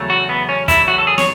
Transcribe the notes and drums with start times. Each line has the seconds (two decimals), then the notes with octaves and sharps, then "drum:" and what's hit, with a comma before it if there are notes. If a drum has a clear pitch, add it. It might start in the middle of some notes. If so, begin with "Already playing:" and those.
Already playing: E2 C#3 F#3 A3
0.10 F#4
0.29 B3
0.49 C#4
0.68 E2 C#3 F#3 A3 E4, drum: kick, hi-hat
0.88 F#4
0.98 A4
1.07 G#4
1.18 C#5, drum: snare